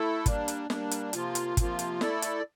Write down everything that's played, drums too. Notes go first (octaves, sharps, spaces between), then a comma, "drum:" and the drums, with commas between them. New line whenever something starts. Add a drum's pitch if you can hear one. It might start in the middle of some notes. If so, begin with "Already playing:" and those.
Already playing: A3 E4 A4
G3 A#3 D4, drum: kick, hi-hat
drum: hi-hat
G3 A#3 D4, drum: snare
drum: hi-hat
C3 F3 A#3 F4, drum: hi-hat
drum: hi-hat
C3 F3 A#3 F4, drum: kick, hi-hat
drum: hi-hat
A3 E4 A4 D5, drum: snare
drum: hi-hat